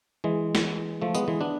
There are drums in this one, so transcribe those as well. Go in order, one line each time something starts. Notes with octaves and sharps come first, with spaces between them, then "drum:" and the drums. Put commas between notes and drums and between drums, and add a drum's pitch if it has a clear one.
E3 G#3
drum: snare
F3 A3
G#3 B3, drum: tambourine
E3 G#3
B3 D4